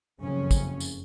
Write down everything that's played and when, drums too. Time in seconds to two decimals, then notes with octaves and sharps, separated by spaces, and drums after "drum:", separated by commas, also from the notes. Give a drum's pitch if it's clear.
0.21 F#1 F2 C#3 C#4
0.51 drum: kick, tambourine
0.80 drum: tambourine